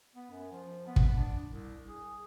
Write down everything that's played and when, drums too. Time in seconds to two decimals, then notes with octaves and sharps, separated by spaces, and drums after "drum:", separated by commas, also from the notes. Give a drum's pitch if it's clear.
0.16 B3
0.30 F#2
0.52 F3
0.87 B3
0.96 drum: kick
1.16 D4
1.47 C2
1.88 G#4